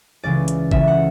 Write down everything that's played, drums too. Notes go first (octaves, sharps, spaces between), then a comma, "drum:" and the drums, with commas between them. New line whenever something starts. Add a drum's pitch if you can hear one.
C#2 C#3 E3 D5
drum: hi-hat
C#2 C#3 E3 E5, drum: kick
F#5